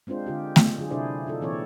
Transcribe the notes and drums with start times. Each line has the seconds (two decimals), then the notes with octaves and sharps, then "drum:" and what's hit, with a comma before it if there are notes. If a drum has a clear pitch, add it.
0.07 G#3 C4 D4 F4 C5
0.27 D3 F4 G4
0.56 drum: snare A3
0.78 D3 F#3 F4 G#4
0.90 C3 D4 E4 G#4 C5 D5
1.27 D4 D#4 F4 A4
1.41 A#2 E3 C4 A4 C#5 D5